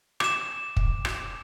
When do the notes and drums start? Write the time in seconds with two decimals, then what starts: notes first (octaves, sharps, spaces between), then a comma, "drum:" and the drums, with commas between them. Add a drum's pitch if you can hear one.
0.20 D6 E7, drum: rim click
0.77 drum: kick
1.05 drum: rim click